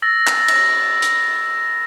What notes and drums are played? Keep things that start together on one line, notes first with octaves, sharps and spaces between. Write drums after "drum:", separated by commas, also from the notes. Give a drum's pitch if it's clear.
E6 A6 A#6
drum: clap
drum: cymbal
drum: hi-hat